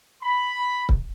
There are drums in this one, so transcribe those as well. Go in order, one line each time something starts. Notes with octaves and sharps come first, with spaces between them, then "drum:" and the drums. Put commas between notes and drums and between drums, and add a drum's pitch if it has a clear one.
B5
drum: kick C#1